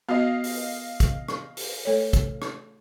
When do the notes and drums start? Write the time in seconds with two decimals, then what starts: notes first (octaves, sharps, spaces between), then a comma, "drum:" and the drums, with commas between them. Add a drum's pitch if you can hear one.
0.09 B3 F#4 D#5 F5
0.44 drum: open hi-hat
1.00 drum: kick, hi-hat
1.28 drum: rim click
1.57 drum: open hi-hat
1.85 A3 A4 C#5
2.13 drum: kick, hi-hat
2.42 drum: rim click